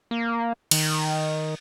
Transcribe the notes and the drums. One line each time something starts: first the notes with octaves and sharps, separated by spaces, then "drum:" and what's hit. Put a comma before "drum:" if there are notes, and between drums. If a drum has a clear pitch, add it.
A#3
D#3, drum: cymbal